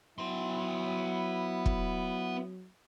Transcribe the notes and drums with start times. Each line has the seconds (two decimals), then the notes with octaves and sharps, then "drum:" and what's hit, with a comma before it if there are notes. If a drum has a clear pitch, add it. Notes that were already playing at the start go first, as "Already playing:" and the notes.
0.18 F#3 B3 E4 C6
1.66 drum: kick